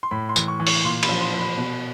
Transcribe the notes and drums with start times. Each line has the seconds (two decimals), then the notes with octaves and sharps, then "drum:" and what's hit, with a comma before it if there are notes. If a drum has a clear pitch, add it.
0.03 C6
0.11 A2 B5
0.29 C6
0.36 E3, drum: tambourine
0.48 C#6
0.60 E3
0.67 C#6, drum: open hi-hat
0.84 A#2 C6
1.03 B5, drum: cymbal
1.09 F3
1.21 C6
1.34 F3
1.39 B5
1.57 B2